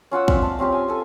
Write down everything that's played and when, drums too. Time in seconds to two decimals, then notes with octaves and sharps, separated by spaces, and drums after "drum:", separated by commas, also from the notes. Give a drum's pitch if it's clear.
0.11 C#4 F4 F#5 E6
0.28 C4 D5 E5 F5, drum: kick
0.42 A5
0.59 C4 C#4 F4 G4
0.72 G#5
0.88 A4 G#5